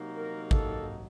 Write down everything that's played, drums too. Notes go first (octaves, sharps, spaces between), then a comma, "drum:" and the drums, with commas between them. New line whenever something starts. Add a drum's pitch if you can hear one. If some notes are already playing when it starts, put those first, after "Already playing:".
Already playing: C3 F#3 A#3 D#4
A#4
A4, drum: kick G#1